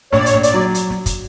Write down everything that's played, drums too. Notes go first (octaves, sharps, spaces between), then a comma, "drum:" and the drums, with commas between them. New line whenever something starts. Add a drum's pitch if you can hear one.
A#1 C#5, drum: snare
D5
C#5, drum: hi-hat
A#1
D5, drum: hi-hat
F#3
drum: hi-hat
drum: snare
drum: kick, hi-hat